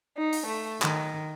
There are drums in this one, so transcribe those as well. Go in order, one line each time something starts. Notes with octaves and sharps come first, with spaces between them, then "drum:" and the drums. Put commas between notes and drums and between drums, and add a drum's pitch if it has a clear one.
D#4
drum: open hi-hat
A3
D#3, drum: clap